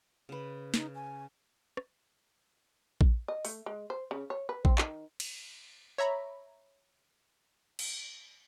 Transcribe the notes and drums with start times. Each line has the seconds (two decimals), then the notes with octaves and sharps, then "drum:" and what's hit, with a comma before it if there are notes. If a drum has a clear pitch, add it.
0.29 C#3 B4
0.74 D#4, drum: snare
0.95 G#5
1.77 drum: rim click
3.01 drum: kick A#1
3.28 D#5
3.45 A3, drum: open hi-hat
3.66 G#3
3.90 C5
4.11 C#3
4.30 C#5
4.49 B4
4.65 C4, drum: kick A#1
4.78 D#3, drum: clap
5.20 drum: cymbal
5.98 C#5 E5 A#5 B5
7.79 drum: cymbal